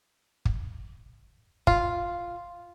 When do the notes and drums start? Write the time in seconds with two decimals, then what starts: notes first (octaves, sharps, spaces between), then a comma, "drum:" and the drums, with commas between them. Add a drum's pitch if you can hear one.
0.45 drum: kick
1.67 F4, drum: kick